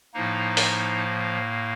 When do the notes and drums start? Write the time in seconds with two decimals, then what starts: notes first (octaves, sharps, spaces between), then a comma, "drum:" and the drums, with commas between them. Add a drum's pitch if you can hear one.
0.14 A2 F3 A#3 D#4
0.57 drum: open hi-hat